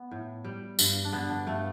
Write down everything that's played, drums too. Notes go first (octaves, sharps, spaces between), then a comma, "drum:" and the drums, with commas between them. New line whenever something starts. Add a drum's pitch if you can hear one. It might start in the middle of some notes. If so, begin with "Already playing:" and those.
Already playing: B3
A2
G3
G2, drum: tambourine
D4
D3 B3
D4
G2 A3